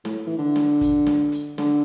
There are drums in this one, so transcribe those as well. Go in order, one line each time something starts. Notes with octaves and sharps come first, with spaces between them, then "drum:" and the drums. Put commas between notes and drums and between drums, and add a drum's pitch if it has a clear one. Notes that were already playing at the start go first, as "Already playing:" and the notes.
A2, drum: snare
E3
D3
drum: snare
drum: kick, hi-hat
drum: snare
drum: hi-hat
D3, drum: snare